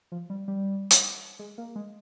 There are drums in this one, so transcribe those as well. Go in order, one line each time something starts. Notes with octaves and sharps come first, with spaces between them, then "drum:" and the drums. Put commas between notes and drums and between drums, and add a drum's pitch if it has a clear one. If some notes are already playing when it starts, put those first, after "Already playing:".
F3
G3
G3
drum: hi-hat
G#3
A#3
G#3